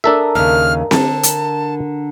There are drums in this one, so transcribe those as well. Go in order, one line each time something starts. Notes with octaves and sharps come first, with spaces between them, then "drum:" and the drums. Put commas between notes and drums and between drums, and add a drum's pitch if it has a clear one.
D4 A4 A#4 E5 D#6
D#2 C#3 F6
D3 A5, drum: snare C4
drum: hi-hat